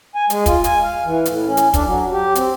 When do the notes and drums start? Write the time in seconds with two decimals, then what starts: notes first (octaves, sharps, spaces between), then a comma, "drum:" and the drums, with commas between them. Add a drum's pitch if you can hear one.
0.15 G#5
0.30 G#3, drum: hi-hat
0.46 F4, drum: kick, hi-hat
0.64 G#5, drum: hi-hat
0.83 F5
1.05 E3
1.26 A2, drum: hi-hat
1.47 C#4
1.57 drum: hi-hat
1.74 D4, drum: kick, hi-hat
1.85 F#3
2.12 G4
2.35 C4, drum: hi-hat